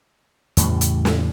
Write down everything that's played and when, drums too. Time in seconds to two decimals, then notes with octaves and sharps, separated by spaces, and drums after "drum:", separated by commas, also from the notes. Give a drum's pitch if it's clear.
0.57 E2 A2 C#3 G3, drum: hi-hat
0.81 drum: hi-hat
1.05 drum: snare